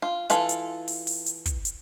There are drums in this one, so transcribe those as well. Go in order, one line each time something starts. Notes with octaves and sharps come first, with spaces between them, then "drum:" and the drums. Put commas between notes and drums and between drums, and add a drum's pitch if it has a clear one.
F4
E3 F4 A4, drum: hi-hat
drum: hi-hat
drum: open hi-hat
drum: open hi-hat
drum: hi-hat
drum: kick, hi-hat
drum: hi-hat